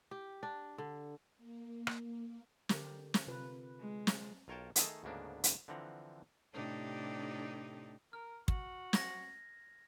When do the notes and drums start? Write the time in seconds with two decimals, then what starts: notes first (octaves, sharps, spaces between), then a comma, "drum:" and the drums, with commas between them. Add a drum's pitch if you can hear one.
0.11 G4
0.43 D4
0.78 D3
1.37 A#3
1.87 drum: rim click
2.69 D3 G4 A#4, drum: snare
3.14 drum: snare
3.27 C3 F4 B4
3.80 G#3
4.07 drum: snare
4.48 B1 F4 A#4 C#5 G5 A5
4.76 D#3 A3 G#4 A4 D#5, drum: hi-hat
5.04 D2 G#2 C#3 A#3 B3 D4
5.44 drum: hi-hat
5.68 D3 E3 F3 C4 F#5 A#5
6.53 A2 C3 D4 D#4 G4 A4
8.13 A#4 F6
8.48 F#4, drum: kick
8.93 G#6 A#6, drum: snare